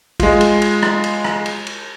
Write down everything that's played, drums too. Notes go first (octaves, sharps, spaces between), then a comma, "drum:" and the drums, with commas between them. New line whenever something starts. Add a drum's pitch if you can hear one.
G#3 F4, drum: kick, cymbal
drum: cymbal
drum: cymbal
drum: rim click
drum: cymbal
drum: rim click
drum: cymbal
drum: cymbal